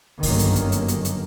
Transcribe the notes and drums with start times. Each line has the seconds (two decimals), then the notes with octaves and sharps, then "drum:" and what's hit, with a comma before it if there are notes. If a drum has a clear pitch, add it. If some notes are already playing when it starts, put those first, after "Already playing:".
0.23 G1 F#2 D#3 A#3, drum: kick B1, open hi-hat
0.39 drum: hi-hat
0.56 drum: hi-hat
0.72 drum: hi-hat
0.88 drum: hi-hat
1.05 drum: hi-hat